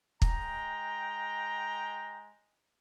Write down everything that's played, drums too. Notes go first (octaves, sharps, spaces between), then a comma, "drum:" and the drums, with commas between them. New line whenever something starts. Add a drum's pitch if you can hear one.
G#3 G5 A#5, drum: kick